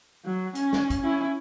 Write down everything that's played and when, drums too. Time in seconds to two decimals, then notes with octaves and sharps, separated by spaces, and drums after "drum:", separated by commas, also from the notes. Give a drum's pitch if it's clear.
0.25 F#3
0.55 C#4, drum: hi-hat
0.73 drum: snare
0.90 drum: kick, hi-hat
1.01 C#4 E4